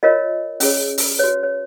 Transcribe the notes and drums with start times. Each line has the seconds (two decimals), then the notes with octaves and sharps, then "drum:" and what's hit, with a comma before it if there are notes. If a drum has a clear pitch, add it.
0.03 F4 A#4 C#5 D#5
0.60 C#4 G#4 C#5, drum: open hi-hat
0.98 drum: open hi-hat
1.19 F#4 B4 C#5
1.43 C#5